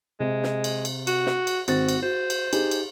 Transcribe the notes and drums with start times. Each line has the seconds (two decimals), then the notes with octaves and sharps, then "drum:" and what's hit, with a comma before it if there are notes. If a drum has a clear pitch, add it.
0.20 C3 G#3
0.43 drum: snare
0.64 drum: cymbal
0.85 drum: cymbal
1.07 F#4, drum: cymbal
1.26 drum: snare
1.47 drum: cymbal
1.68 G#1 C4 F#4 A6, drum: cymbal
1.89 drum: cymbal
2.02 F#4 C5
2.30 drum: cymbal
2.53 D#4 G4 G#4, drum: cymbal
2.71 drum: cymbal